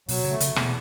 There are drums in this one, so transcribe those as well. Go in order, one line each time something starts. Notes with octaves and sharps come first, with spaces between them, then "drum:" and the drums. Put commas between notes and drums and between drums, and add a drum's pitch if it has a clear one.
B2 F#3, drum: open hi-hat
C#3
A3
C#3, drum: hi-hat
E2
B2, drum: rim click